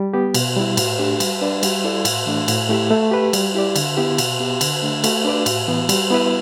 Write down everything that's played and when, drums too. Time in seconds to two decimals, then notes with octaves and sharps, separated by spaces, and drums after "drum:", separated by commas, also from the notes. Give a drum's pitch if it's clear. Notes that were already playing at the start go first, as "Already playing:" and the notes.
Already playing: G3
0.14 B3 G4
0.34 B2, drum: cymbal
0.56 G3 E4
0.77 A2, drum: cymbal
0.99 A3 D4 G4
1.20 G3, drum: cymbal
1.41 D4 B4 D5
1.63 G3, drum: cymbal
1.84 E4 A4 D5
2.05 A2, drum: cymbal
2.26 E3 A3 D4
2.48 A2, drum: cymbal
2.69 A3 E4 G4
2.91 A3
3.11 G4 B4
3.33 G3, drum: cymbal
3.55 E4 G4 D5
3.76 D3, drum: cymbal
3.97 B3 E4 G4
4.18 B2, drum: cymbal
4.40 B3 G4
4.61 D3, drum: cymbal
4.82 A3 D4
5.04 A3, drum: cymbal
5.25 D4 B4 D5
5.46 A2, drum: cymbal
5.68 E3 B3
5.89 G3, drum: cymbal
6.10 B3 E4 B4